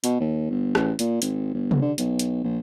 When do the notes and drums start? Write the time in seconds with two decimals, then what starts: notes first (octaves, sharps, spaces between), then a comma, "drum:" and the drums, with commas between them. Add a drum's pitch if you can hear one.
0.04 B2, drum: hi-hat
0.20 D#2
0.50 G1
0.75 A1, drum: rim click
0.99 A#2, drum: hi-hat
1.22 G#1, drum: hi-hat
1.54 G1
1.71 drum: tom C3
1.81 D3
1.98 B1, drum: hi-hat
2.19 drum: hi-hat
2.44 A#1